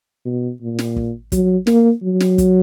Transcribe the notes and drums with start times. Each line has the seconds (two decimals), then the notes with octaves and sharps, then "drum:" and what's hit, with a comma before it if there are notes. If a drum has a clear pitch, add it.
0.25 B2
0.61 A#2
0.79 drum: snare
0.96 drum: kick
1.32 F#3, drum: kick, hi-hat
1.67 A#3, drum: snare
2.03 F#3
2.20 drum: snare
2.38 drum: kick, hi-hat